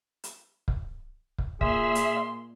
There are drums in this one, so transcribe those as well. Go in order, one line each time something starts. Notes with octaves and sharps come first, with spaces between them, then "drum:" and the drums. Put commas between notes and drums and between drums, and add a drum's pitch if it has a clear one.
drum: hi-hat
drum: kick
drum: kick
A#2 G#4 E5 C6, drum: kick
drum: hi-hat